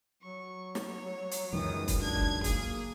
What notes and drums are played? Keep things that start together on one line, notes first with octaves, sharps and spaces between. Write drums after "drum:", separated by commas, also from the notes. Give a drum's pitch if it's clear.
F#3 C#6
drum: snare
C#5
drum: hi-hat
C#2 F#2 D#3 E3 D#6
drum: kick, hi-hat
D4 G#6
drum: kick
A#3 G#4, drum: kick, hi-hat